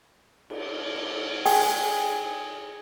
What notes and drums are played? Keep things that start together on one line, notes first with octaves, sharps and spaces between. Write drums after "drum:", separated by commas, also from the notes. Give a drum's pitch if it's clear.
drum: cymbal
drum: cymbal
G#4 G5, drum: open hi-hat